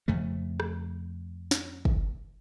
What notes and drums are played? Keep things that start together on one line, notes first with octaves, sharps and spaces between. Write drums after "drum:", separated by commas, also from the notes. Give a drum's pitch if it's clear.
F2 C#3 A3
drum: rim click
drum: snare
drum: kick